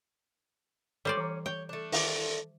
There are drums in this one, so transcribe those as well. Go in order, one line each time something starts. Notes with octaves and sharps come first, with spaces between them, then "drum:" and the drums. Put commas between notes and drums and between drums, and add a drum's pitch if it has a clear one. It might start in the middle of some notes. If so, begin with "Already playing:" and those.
G3 C#4 A4 C5 D5
E3 A#5
C#5 G5
A3 D4
D#3 E5 D6, drum: open hi-hat